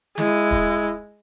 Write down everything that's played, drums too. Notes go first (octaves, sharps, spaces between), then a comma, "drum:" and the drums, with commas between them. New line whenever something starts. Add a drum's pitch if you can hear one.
G#3 E4, drum: snare
drum: kick